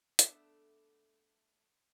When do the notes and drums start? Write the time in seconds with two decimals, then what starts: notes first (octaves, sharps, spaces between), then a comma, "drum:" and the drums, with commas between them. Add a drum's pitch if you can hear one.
0.19 A3 B3 D4 A4 E5 F#5, drum: hi-hat